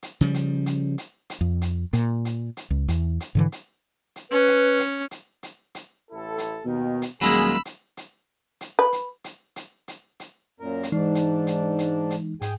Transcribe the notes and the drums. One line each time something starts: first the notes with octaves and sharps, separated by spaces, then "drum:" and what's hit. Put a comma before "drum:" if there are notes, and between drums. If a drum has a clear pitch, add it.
drum: hi-hat
C#3 F3 G3
drum: hi-hat
drum: hi-hat
drum: hi-hat
drum: hi-hat
F2
drum: hi-hat
A#2, drum: hi-hat
drum: hi-hat
drum: hi-hat
C#2
E2, drum: hi-hat
drum: hi-hat
G#2 D3 E3
drum: hi-hat
drum: hi-hat
C#4 B4
drum: hi-hat
drum: hi-hat
drum: hi-hat
drum: hi-hat
drum: hi-hat
A1 E4 A4
drum: hi-hat
D#2 B2 D#3
drum: hi-hat
D#1 F#3 G#3 A#3 G#4 B5 E6
drum: hi-hat
drum: hi-hat
drum: hi-hat
drum: hi-hat
B4
drum: hi-hat
drum: hi-hat
drum: hi-hat
drum: hi-hat
drum: hi-hat
F#2 A#2 A#4
drum: hi-hat
G#2 E3 G#3 D4 D#4
drum: hi-hat
drum: hi-hat
drum: hi-hat
drum: hi-hat
G#2 G#4 G5 G#5, drum: hi-hat